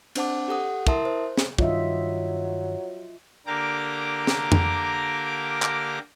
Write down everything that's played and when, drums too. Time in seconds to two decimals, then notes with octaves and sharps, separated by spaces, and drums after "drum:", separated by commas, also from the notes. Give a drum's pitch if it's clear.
0.15 C4 D4 C5 F#5 A5 D6, drum: cymbal
0.48 G4 A4 F#5 D#6
0.87 E4 A#4 E5 A5 C6 D#6, drum: kick
1.05 C5
1.37 drum: snare
1.58 G2 D#3 F#3 F4 D#5 E5, drum: kick
3.47 D3 A#3 G4 A#4 A#5 D6
4.27 drum: snare
4.52 drum: tom F2
5.62 drum: clap